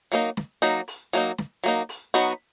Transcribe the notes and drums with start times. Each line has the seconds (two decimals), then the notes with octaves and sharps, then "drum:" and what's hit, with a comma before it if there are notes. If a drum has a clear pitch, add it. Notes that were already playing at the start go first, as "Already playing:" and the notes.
0.12 F#3 A#3 D#4, drum: hi-hat
0.37 drum: snare
0.62 F#3 A#3 D#4, drum: hi-hat
0.88 drum: open hi-hat
1.13 F#3 A#3 D#4, drum: hi-hat
1.38 drum: snare
1.64 F#3 A#3 D#4, drum: hi-hat
1.89 drum: open hi-hat
2.14 F#3 B3 D#4 F#4, drum: hi-hat